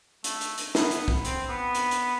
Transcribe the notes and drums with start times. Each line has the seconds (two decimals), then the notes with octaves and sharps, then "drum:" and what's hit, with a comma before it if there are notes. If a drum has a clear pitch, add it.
0.24 A3, drum: hi-hat
0.41 drum: hi-hat
0.58 drum: hi-hat
0.75 B3, drum: snare
0.91 drum: hi-hat
1.08 drum: kick
1.25 C4, drum: hi-hat
1.49 B3
1.75 drum: hi-hat
1.91 drum: hi-hat